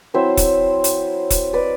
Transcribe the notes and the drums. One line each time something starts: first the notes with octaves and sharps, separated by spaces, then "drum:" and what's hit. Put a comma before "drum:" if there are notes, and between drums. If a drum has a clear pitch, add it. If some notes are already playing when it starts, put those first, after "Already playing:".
F#3 C4 E4 C5 E5
drum: kick E1, hi-hat
drum: hi-hat
drum: kick E1, hi-hat
B4 D5